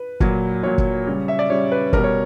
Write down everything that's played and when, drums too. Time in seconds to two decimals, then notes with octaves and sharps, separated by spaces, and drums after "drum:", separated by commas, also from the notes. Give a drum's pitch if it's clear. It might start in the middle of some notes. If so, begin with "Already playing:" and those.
Already playing: B4
0.20 A#2 F#3, drum: kick
0.63 A#2 F#3 C#5
0.78 drum: kick
1.07 C#3 G3
1.28 E5
1.39 D5
1.50 C#3 G3 C#5
1.72 B4
1.93 B2 G3 A#4, drum: kick
2.04 C#5